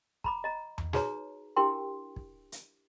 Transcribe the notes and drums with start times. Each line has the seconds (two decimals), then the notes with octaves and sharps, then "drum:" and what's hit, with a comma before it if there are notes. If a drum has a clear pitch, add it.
0.24 A#5 B5 D6, drum: kick
0.44 D#5 A#5
0.78 drum: tom E2
0.93 D#4 F#4 G#4 B4 C#5 A#5, drum: snare
1.56 D4 E4 G4 A#4 G5 C6
2.16 drum: kick
2.52 drum: hi-hat